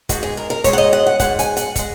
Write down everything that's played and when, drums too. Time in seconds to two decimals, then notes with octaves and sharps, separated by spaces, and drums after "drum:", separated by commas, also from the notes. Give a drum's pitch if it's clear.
0.09 G#2 G#3 F#4, drum: kick, hi-hat
0.23 G#4
0.37 A#4
0.50 A#4
0.64 G#2 G#3 C#5, drum: kick, hi-hat
0.73 F#5
0.78 D#5
0.93 F#5
1.07 F#5
1.20 G#2 G#3 F#5, drum: kick, hi-hat
1.39 G#5, drum: hi-hat
1.57 F#5, drum: hi-hat
1.76 G#3 F#5, drum: kick, hi-hat